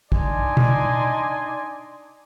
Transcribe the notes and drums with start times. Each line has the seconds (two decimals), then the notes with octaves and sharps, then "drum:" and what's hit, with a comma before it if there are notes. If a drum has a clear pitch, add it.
0.12 D4 D#4 D5 D#5 G#5 C6, drum: kick
0.57 drum: tom